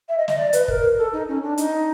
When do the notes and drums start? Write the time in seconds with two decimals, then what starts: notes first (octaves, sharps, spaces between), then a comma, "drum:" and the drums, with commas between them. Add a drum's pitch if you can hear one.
0.08 E5
0.18 D#5
0.28 D#5, drum: snare
0.37 D5
0.53 B4, drum: hi-hat
0.68 A#4, drum: kick
0.98 A4
1.13 D#4
1.28 C#4
1.43 D4
1.58 D#4, drum: hi-hat